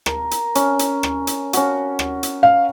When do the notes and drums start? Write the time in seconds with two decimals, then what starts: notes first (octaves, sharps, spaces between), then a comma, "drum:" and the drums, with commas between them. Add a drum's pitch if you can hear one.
0.06 A#4, drum: rim click
0.31 drum: hi-hat
0.55 C#4, drum: hi-hat
0.79 drum: hi-hat
1.03 drum: rim click
1.27 drum: hi-hat
1.53 C#4 F#4, drum: hi-hat
1.99 drum: rim click
2.23 drum: hi-hat
2.43 F5